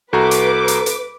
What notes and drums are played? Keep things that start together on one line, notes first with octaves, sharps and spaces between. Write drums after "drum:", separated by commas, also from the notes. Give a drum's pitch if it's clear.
C2 F#4 A4 B4 A#5 D6
drum: hi-hat
drum: hi-hat
drum: hi-hat